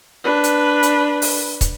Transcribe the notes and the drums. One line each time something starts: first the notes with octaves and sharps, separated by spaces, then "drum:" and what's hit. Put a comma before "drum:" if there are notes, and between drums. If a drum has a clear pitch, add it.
D4 B4
drum: hi-hat
drum: hi-hat
drum: open hi-hat
drum: kick, hi-hat